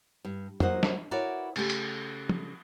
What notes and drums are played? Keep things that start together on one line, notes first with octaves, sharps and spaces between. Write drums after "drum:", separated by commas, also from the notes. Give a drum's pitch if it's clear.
G2
F#3 A#3 C5 D#5 F#5, drum: tom
drum: snare
E4 F#4 A#4 B4 C#5 D5
C#3 A3 G4, drum: cymbal
drum: hi-hat
drum: tom